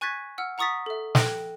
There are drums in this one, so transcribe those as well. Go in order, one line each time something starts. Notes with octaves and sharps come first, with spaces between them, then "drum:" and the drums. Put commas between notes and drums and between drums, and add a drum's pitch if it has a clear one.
G#5 C#6 F#6 G#6 A6 B6
F#5 E6 F6
F#5 A#5 C#6 D#6 A6 B6
A4 E5
A4 G5 F#6 A#6 D7, drum: snare